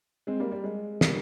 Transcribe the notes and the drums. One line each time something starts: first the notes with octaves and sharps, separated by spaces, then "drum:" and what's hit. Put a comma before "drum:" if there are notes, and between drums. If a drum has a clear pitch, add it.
G#3 C4
G3 A#3
G3
G#3
G3 A#3, drum: snare